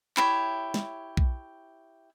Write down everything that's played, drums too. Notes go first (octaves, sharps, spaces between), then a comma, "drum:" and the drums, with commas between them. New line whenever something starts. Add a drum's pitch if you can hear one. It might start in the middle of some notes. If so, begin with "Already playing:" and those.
E4 G4 C#5, drum: clap
drum: snare
drum: kick B1